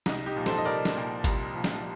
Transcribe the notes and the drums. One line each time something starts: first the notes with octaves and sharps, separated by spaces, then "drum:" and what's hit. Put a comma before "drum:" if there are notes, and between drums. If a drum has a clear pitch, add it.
C2 D#4, drum: snare
D#4 G4
A#2 F3
A4 C5, drum: snare
D#5
C2 A#4 D5
drum: snare
A#2 F3
C2, drum: kick, hi-hat
A#2 F3
drum: snare